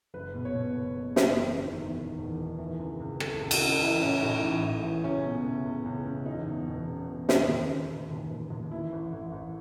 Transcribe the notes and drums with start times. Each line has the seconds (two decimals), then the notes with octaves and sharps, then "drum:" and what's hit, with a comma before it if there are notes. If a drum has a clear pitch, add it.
0.14 F#1 B4
0.34 B2
0.45 C#5
0.55 B2
0.75 F#1
0.96 F#1
1.16 F#1, drum: snare
1.37 E2
1.57 D#3
1.78 E2
1.98 D#3
2.18 E1
2.39 D#3
2.58 E3
2.79 C#2
3.00 C#2
3.20 C#2 A4, drum: rim click
3.41 C#2
3.51 F#4, drum: cymbal
3.61 C#3
3.81 E3 E4
4.02 A2 C#4
4.22 A2 D#4
4.43 A1
4.63 A2
4.84 E3
5.04 C#2 C#4
5.24 B2
5.44 C#2
5.66 C#2
5.86 C#2
6.06 C#2
6.26 E1 D#4
6.46 E2
6.68 E1
6.88 C#3
7.08 E2
7.29 C#3, drum: snare
7.48 D#2
7.70 D#3
7.90 D#3
8.11 D#2
8.31 D#2
8.50 D#2
8.71 E3 E4
8.92 A1
9.13 A1
9.32 A1